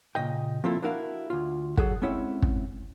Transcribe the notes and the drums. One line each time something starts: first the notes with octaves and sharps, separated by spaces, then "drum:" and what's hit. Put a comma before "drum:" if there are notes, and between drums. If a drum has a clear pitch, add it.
A#2 C#3 D#5 G5
F3 A#3 C4 E4 F4 A4
D4 E4 F#4 A#4 B4 F5
D2 F4
F#3 G#4 A4 F#5, drum: kick
G#3 C4 C#4 E4 E5 F#5
drum: kick